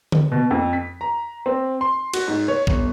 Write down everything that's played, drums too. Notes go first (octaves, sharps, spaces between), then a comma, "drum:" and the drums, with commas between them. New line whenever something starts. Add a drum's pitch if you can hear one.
drum: tom D3
B2
F2
B6
A#5
C4
C6
F#4, drum: cymbal
G#2
C#5
G1, drum: kick